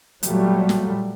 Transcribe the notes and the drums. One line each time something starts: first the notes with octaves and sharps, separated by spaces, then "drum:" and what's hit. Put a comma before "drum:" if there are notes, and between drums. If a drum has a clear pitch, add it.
A#2 F#3 G3 A3, drum: hi-hat
drum: snare